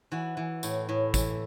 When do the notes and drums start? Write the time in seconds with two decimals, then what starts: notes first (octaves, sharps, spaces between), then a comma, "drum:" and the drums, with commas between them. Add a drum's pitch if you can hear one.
0.12 E3 F#4
0.37 E3
0.63 A2, drum: tambourine
0.89 A2
1.14 E3, drum: kick, tambourine